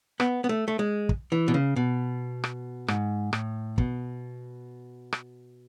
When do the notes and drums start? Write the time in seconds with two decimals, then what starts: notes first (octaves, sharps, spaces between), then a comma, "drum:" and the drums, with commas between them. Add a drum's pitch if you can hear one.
0.20 B3, drum: rim click
0.44 B3
0.49 A3
0.68 A3
0.79 G#3
1.09 drum: kick
1.32 E3
1.48 B2
1.54 C#3
1.76 B2
2.44 drum: rim click
2.88 G#2, drum: rim click
3.33 A2, drum: rim click
3.78 B2, drum: kick
5.13 drum: rim click